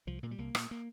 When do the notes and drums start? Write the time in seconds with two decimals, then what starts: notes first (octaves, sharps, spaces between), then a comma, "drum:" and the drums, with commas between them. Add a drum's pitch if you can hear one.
0.07 C2 F3
0.23 A#2 A#3
0.31 G3
0.38 C2 A#3
0.55 A#2, drum: rim click
0.71 A#3